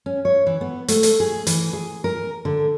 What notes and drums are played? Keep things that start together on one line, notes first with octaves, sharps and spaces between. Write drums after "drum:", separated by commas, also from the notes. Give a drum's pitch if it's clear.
C#4
C#5
E3
B3
A3, drum: hi-hat
drum: hi-hat
G#4
E3, drum: hi-hat
G#4
A#4
D3